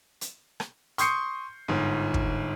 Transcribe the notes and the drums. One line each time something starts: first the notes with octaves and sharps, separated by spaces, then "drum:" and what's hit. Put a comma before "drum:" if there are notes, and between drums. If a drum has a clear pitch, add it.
drum: hi-hat
drum: rim click
C6 C#6 D#6 G6 C7 C#7, drum: hi-hat
G1 G#2
drum: kick